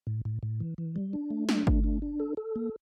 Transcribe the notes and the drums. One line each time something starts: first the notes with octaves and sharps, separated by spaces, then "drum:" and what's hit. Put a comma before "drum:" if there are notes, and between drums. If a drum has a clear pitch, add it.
A2
A2
A2
E3
E3
G3
D4
A3
D4, drum: snare
A3, drum: kick G1
D4
D4
A4
A4
A#3